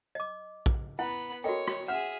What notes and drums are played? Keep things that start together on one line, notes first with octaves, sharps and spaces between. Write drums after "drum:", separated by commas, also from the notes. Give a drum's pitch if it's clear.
D#5 D6
drum: kick
B3 E4 F#5 B5
F#4 A4 A#4 C#5 D#5 G5
drum: rim click
G#4 E5 F#5 F6 E7